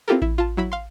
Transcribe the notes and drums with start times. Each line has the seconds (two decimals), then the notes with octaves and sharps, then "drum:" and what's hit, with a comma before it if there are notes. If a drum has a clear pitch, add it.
0.08 C4 E4 F4 G4 A4 A#4
0.22 E4, drum: kick A1
0.38 F4 A5
0.57 F#3 E4 B5
0.72 F5 C6